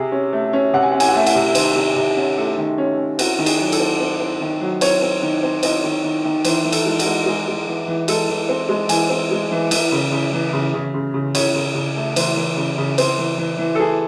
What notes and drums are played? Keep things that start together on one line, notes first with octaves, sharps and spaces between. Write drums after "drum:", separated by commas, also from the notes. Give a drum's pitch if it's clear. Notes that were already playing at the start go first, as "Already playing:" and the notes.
Already playing: C3 G#4
C#4
A3
C#4
C3 F#5
G#5
C#4 F#5
G#5, drum: cymbal
F#5
A3 G#5
F#5, drum: cymbal
C3
D#3 C5, drum: cymbal
C3
C3
C#4
A3 A4
D#3
C#4
C#4
C4 F#4, drum: cymbal
D#3
G#4, drum: cymbal
F#3
A4, drum: cymbal
C4
C4
C4
D#3
F#3
C4 C#5, drum: cymbal
C4
D#3
C4
C4 D#5, drum: cymbal
D#3
D#3
D#3
E3 C5, drum: cymbal
E3
A4, drum: cymbal
G#3
F#4, drum: cymbal
G#3
G#3 G#4
G#3
E3
E3
G#3 A4, drum: cymbal
E3
C4
G#3
E3 G#5, drum: cymbal
C4
G#3
E3
E3 E5, drum: cymbal
C#3
C#3
E3
C#3
C#3
C#3
C#3
C#3 C#5, drum: cymbal
C#3
C#3
A3
E3 C5, drum: cymbal
E3
C#3
C#3
C4 C5, drum: cymbal
E3
E3
E3
A4
E3 G#4